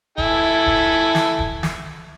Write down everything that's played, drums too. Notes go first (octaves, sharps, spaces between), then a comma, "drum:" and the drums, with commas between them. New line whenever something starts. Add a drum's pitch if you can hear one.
E4 A4 G#5, drum: kick D#1
drum: kick D#1
drum: snare
drum: kick D#1
drum: snare